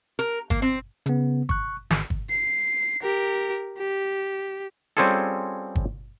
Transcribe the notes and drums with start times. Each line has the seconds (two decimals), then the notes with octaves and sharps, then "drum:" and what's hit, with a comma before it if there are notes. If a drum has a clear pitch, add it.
0.19 A#4
0.50 A#3, drum: kick
0.62 C4
1.06 C#3 B3, drum: hi-hat
1.49 C#6 F#6, drum: kick
1.91 G#1, drum: snare
2.10 drum: kick
2.30 C7
3.03 G4 A#4
3.78 G4
4.97 G3 C4 C#4 F4 G#4 A4
5.75 drum: kick